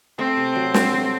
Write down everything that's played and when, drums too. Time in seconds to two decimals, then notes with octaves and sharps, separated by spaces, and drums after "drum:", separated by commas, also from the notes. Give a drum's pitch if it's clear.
0.18 A3 C4
0.37 C3
0.55 F#3
0.74 C3, drum: snare
0.93 A3